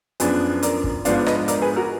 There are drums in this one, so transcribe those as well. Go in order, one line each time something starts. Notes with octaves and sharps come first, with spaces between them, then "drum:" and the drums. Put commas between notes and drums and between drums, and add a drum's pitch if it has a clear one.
F#2 F3 B3 D4 G#4 B4, drum: hi-hat
A#4 D5, drum: hi-hat
drum: kick
G#2 F3 B3 D4 D5 F5, drum: hi-hat
B4 D#5, drum: rim click
A#4 D5, drum: hi-hat
G#4 B4
F#4 A#4